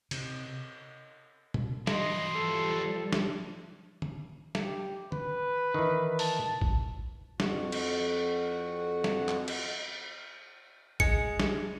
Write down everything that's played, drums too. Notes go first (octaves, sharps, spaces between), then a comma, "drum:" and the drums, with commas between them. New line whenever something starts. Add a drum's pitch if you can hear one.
C3, drum: cymbal
drum: tom
E3 F#3 D#5 C6, drum: snare
F3 G3 A4
drum: snare
drum: tom
drum: snare
G4
B4, drum: tom
D#3 E3
A5, drum: open hi-hat
drum: kick
F2 F#4 F#5, drum: snare
drum: cymbal
drum: snare
drum: clap
drum: cymbal
G#3 C#7, drum: kick
drum: snare